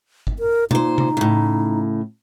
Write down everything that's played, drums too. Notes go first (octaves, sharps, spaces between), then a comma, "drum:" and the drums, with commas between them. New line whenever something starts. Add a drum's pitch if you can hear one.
drum: kick G1
A#4
A#2 D#4 C5, drum: tom B2
drum: tom C3
A2 C#3